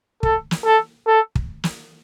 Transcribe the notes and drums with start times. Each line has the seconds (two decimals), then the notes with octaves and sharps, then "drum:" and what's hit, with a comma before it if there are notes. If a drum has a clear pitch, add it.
0.23 A4, drum: kick
0.51 drum: snare
0.65 A4
1.07 A4
1.35 drum: kick
1.64 drum: snare